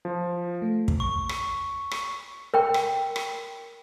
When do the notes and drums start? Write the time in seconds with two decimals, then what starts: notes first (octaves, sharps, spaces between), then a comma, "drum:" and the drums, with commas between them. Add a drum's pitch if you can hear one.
0.05 F3
0.62 A3
0.88 drum: kick
1.00 C#6
1.29 drum: rim click
1.91 drum: rim click
2.54 A#4 G5
2.74 drum: rim click
3.16 drum: rim click